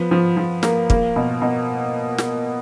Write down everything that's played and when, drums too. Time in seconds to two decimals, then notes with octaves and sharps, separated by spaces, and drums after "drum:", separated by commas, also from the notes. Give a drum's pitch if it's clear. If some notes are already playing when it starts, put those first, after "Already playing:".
Already playing: F3 B3
0.11 F3
0.37 F3
0.63 A#3, drum: snare
0.90 A#3, drum: kick
1.16 B2
1.42 B2
2.18 drum: snare